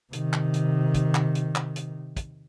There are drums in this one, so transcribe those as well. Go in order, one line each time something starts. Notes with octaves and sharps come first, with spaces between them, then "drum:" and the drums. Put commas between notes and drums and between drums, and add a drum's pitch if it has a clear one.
C3 D#3, drum: hi-hat
drum: clap
drum: hi-hat
drum: kick, hi-hat
drum: clap
drum: hi-hat
drum: clap
drum: hi-hat
drum: kick, hi-hat